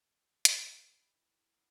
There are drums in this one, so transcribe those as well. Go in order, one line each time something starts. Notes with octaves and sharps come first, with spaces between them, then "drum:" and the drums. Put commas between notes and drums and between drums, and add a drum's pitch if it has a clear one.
G5
C4 G5 B5, drum: hi-hat
D#4
E4
F#3
B3 C#4